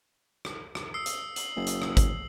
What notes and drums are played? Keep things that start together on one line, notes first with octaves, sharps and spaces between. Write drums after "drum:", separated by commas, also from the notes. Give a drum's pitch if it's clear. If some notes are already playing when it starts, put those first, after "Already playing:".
drum: rim click
drum: rim click
D#6 E6 C7
drum: hi-hat
F#7, drum: hi-hat
F#1
drum: hi-hat
drum: rim click
drum: kick, hi-hat